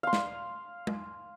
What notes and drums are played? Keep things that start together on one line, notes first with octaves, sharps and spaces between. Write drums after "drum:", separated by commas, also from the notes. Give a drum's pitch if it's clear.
F5 C6
drum: snare
drum: tom G#3